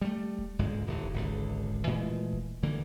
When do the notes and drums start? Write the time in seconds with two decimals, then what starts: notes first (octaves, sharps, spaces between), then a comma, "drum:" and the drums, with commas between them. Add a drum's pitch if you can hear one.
0.02 G3 A3
0.38 drum: kick D#1
0.59 G1 C#2 G#2 G#3
0.87 D#1 A2 D3
1.03 drum: kick D#1
1.14 G#1 C#2 D3
1.68 drum: kick D#1
1.87 A#2 E3 G#3 A3
2.33 drum: kick D#1
2.63 D2 D3 E3 A#3